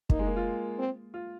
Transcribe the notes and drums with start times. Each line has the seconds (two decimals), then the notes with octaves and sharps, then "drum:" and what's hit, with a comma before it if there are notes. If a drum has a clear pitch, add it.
0.10 A#3 D#4, drum: kick
0.19 G#3
0.27 A#3
0.36 F4
0.79 C4
1.14 F4